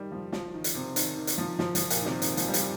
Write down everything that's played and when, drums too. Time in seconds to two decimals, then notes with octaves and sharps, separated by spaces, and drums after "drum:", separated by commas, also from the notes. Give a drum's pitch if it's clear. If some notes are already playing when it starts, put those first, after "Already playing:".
Already playing: D#3 G3
0.12 F3
0.33 F3, drum: snare
0.54 D#3
0.64 drum: hi-hat
0.75 C3
0.96 D#3, drum: hi-hat
1.17 D#3
1.27 drum: hi-hat
1.38 F3
1.59 F3, drum: snare
1.75 F3, drum: hi-hat
1.90 A#2, drum: hi-hat
2.02 D#3
2.06 C3, drum: snare
2.22 D#3, drum: hi-hat
2.37 F3, drum: hi-hat
2.48 G3
2.54 F3, drum: hi-hat